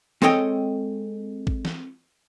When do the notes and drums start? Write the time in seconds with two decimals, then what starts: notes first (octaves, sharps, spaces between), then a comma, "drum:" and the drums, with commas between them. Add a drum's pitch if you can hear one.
0.22 G#3 C4 A4 C#5 D#5 G5, drum: snare
1.47 drum: kick
1.65 drum: snare